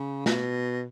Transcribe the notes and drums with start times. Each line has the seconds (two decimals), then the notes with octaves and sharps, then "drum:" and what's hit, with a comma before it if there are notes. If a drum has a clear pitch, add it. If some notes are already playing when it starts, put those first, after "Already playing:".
Already playing: C#3
0.26 B2, drum: snare